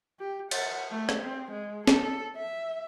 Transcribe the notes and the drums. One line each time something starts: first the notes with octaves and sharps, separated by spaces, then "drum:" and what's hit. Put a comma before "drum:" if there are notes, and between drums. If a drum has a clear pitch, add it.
G4
F#5, drum: cymbal
A3
drum: rim click
C4
G#3
A4, drum: snare
E5